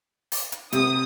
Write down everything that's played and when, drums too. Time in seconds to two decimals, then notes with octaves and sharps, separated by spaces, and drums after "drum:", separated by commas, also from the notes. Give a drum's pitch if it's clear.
0.32 drum: open hi-hat
0.52 drum: hi-hat
0.73 C3 D#6, drum: hi-hat